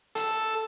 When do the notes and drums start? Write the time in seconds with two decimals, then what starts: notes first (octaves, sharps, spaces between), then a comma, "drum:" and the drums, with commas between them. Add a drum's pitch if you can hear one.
0.15 A4, drum: hi-hat